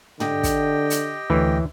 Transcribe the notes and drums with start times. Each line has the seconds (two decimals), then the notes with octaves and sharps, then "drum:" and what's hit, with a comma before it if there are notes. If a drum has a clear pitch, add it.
0.20 D3 G4 D#5 G5, drum: tom
0.43 drum: kick, hi-hat
0.90 drum: hi-hat
1.30 D2 D3 E3 C#5